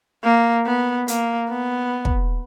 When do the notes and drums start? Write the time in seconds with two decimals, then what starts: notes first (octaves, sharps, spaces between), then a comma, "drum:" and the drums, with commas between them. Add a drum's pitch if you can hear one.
0.24 A#3
0.66 B3
1.08 A#3, drum: hi-hat
1.49 B3
2.05 drum: kick